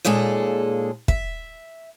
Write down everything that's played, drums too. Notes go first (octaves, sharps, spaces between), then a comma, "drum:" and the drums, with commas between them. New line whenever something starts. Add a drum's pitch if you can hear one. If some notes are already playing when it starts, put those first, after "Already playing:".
D#2 A#2 G#3 G#4 A4
E5, drum: kick